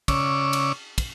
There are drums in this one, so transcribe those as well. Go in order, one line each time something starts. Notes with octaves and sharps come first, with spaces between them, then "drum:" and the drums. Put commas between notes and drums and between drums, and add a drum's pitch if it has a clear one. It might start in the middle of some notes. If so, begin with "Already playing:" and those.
C#3 C#4 D5 C#6 D6 E6, drum: kick, cymbal
drum: cymbal
drum: kick, cymbal